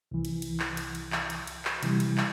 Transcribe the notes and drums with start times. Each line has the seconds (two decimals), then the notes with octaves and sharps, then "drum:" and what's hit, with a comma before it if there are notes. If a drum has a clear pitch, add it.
0.11 C2 E3
0.25 drum: cymbal
0.42 drum: cymbal
0.60 drum: clap
0.77 drum: cymbal
0.95 drum: cymbal
1.12 drum: clap
1.30 drum: cymbal
1.47 drum: cymbal
1.65 drum: clap
1.83 C3 E3 G3, drum: cymbal
2.00 drum: cymbal
2.18 drum: clap